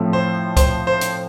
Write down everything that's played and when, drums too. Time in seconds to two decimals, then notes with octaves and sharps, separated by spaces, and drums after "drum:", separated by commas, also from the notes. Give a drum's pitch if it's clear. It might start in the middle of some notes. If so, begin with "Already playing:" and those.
Already playing: A2 F3 A3 C4
0.13 C5
0.57 C5, drum: kick, hi-hat
0.87 C5
1.01 drum: hi-hat